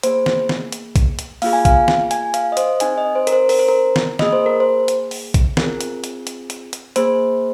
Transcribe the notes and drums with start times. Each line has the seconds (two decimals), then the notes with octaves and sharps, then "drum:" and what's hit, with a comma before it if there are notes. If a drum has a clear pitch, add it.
0.03 A#3 G#4 C5, drum: hi-hat
0.26 drum: snare
0.49 drum: snare
0.72 drum: hi-hat
0.96 drum: kick A#1, hi-hat
1.19 drum: hi-hat
1.42 A#3 F4 G#4 F5, drum: open hi-hat
1.53 G#5
1.65 F5, drum: kick A#1, hi-hat
1.88 drum: snare
2.11 G#5, drum: hi-hat
2.34 F5, drum: hi-hat
2.52 D#5
2.57 C5, drum: hi-hat
2.80 C4 D#4 G#4 G#5, drum: hi-hat
2.98 D#5
3.15 C5
3.27 A#4, drum: hi-hat
3.32 C5
3.49 A#4, drum: open hi-hat
3.59 C5
3.69 A#4
3.96 drum: snare
4.19 A#3 G#4 D#5, drum: snare
4.33 C5
4.46 A#4
4.60 C5
4.88 drum: hi-hat
5.11 drum: open hi-hat
5.34 drum: kick A#1, hi-hat
5.57 C4 F4 G#4 A#4, drum: snare
5.81 drum: hi-hat
6.04 drum: hi-hat
6.27 drum: hi-hat
6.50 drum: hi-hat
6.73 drum: hi-hat
6.96 A#3 G#4 C5, drum: hi-hat